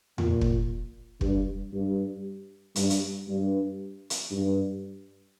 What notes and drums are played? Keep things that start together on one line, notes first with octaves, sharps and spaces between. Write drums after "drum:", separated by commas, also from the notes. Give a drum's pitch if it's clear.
A#2, drum: tom E2
drum: kick
G2, drum: kick
G2
G2, drum: hi-hat
drum: hi-hat
G2
drum: hi-hat
G2